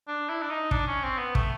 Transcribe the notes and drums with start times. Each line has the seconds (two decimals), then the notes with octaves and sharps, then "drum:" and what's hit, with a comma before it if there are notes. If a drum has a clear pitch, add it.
0.08 D4
0.29 E4
0.42 D4
0.50 D#4
0.71 D4, drum: kick
0.87 C#4
1.03 C4
1.19 B3
1.35 A3, drum: kick